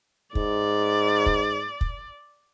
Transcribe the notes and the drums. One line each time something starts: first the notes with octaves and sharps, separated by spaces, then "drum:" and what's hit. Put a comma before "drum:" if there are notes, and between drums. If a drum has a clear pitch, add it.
G#2 D5, drum: kick
drum: kick
drum: kick